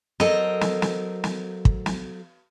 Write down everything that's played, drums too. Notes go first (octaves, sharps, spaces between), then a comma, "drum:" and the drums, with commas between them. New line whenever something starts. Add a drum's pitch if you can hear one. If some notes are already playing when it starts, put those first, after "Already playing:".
F#3 A4 A#4 C5 D#5, drum: snare
drum: snare
drum: snare
drum: snare
drum: kick
drum: snare